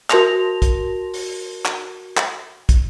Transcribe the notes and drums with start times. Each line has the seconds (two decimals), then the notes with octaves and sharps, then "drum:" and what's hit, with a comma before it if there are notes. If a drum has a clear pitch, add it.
0.10 F#4 A#4 A5 C6 A#6 F7, drum: clap
0.62 drum: kick, hi-hat
1.14 drum: open hi-hat
1.65 drum: clap
2.17 drum: clap
2.69 drum: kick, hi-hat